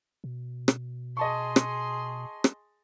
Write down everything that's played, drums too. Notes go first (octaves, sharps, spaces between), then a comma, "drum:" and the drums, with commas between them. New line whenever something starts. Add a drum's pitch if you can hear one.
B2
drum: rim click
G#4 D#5 A5 C6 C#6
drum: rim click
drum: rim click